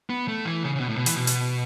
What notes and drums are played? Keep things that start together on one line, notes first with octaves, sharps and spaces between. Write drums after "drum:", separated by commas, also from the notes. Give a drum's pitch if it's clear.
B3
A3
E3
C#3
C#3
B2
A2
B2
E3, drum: hi-hat
B2
drum: hi-hat